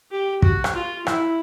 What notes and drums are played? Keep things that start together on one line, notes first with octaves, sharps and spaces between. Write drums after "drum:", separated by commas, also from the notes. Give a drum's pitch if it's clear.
G4
F#4, drum: kick
drum: rim click
F4
E4, drum: rim click